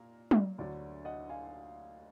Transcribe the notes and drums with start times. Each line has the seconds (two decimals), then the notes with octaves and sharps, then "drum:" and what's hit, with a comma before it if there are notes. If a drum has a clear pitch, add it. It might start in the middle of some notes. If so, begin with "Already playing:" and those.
Already playing: A#2 A#3 A#5
0.31 drum: tom
0.58 D2 D3 F#3 D5
1.05 D#5 F#5
1.29 F5 G#5